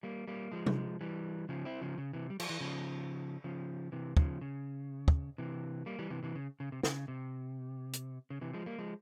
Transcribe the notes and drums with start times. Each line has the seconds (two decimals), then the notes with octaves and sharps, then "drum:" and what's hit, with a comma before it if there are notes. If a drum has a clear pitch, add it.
0.03 G3 A#3
0.28 G3 A#3
0.52 F3 G#3
0.66 drum: tom C3
1.01 E3 G3
1.49 C#3 F3
1.65 C4 E4
1.81 C#3 F3
1.98 C#3
2.13 C3 E3
2.30 G3
2.40 F3, drum: cymbal
2.49 E3
2.61 C#3 F3
3.44 C#3 F3
3.92 C3 E3
4.17 C#3 F3, drum: kick
4.41 C#3
5.08 drum: kick
5.38 C3 E3
5.86 G3 A#3
5.99 E3 G3
6.10 C3 E3
6.23 C3 E3
6.35 C#3
6.60 C#3
6.72 C3
6.83 C#3, drum: snare
7.08 C3
7.93 drum: hi-hat
8.30 C#3
8.41 C3 E3
8.54 F3 G#3
8.66 G3 A#3
8.78 F3 G#3